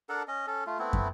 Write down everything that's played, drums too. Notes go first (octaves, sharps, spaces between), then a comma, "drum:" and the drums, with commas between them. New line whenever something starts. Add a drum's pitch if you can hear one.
D4 A4 A#4 F#5
C#4 D#5
C#4 A4
A3 F4
A3 B3 C4 E4
drum: kick